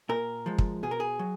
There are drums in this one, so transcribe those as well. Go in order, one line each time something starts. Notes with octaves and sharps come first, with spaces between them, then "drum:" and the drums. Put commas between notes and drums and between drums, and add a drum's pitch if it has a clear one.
A#2 A#4
F3 G#3
drum: kick
B2 G#4
A#4
G#4
F#3